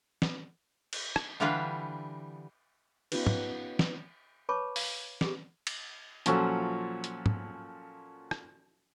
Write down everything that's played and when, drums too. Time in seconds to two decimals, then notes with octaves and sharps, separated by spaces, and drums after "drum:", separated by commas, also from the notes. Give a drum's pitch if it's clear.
0.22 drum: snare
0.93 drum: cymbal
1.16 drum: rim click
1.40 D3 E3 G3 D4 F4 B4
3.12 B3 C#4 D#4 F4 G4 B4, drum: cymbal
3.27 drum: tom
3.79 drum: snare
4.49 B4 C#5 A5 B5 C#6 D6
4.76 F5, drum: open hi-hat
5.21 G4 G#4, drum: snare
5.67 drum: cymbal
6.26 A#2 F3 F#3 C#4 F#4 A4, drum: hi-hat
7.04 drum: hi-hat
7.26 drum: tom
8.31 drum: rim click